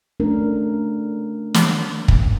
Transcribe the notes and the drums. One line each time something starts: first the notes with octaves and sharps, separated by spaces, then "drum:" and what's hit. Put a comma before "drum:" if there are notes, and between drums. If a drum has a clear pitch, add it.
A3 C#4 D4 A#4
drum: snare
drum: kick